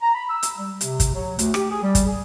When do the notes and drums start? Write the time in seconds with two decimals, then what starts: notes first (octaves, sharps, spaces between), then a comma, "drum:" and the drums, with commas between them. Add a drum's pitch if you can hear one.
0.02 A#5
0.15 B5
0.29 E6
0.43 drum: hi-hat
0.58 G3
0.81 C3, drum: hi-hat
1.00 drum: kick, hi-hat
1.14 F#3
1.39 D2, drum: hi-hat
1.54 G4, drum: rim click
1.71 G#4
1.83 G3
1.95 drum: kick, hi-hat
2.06 G#4